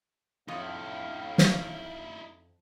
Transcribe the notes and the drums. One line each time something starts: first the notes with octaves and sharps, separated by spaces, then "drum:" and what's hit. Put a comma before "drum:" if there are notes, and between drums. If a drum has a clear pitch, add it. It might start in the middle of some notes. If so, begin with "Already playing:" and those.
F2 A2 D#4 E4 F5
drum: snare